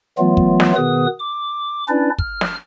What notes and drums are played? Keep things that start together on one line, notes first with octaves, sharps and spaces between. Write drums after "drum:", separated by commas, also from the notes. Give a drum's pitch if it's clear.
E3 F#3 A3 B3 F4
drum: kick
drum: snare
B2 D#3 B3 G#4 B4 D#6
D6
C#4 D4 E4 B4 D5
F6, drum: kick
drum: snare